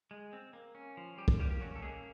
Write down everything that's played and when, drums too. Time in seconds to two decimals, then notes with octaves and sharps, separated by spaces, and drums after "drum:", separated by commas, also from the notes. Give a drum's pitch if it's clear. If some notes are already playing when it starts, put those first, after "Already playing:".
0.11 G#3
0.33 C4
0.53 A#3
0.75 C#4
0.97 F3
1.18 F3 G3 G4
1.28 drum: kick
1.40 G3 A#3 G4
1.51 G4
1.60 F#3 C#4 F#4
1.76 A4
1.82 G#3 A#3 G#4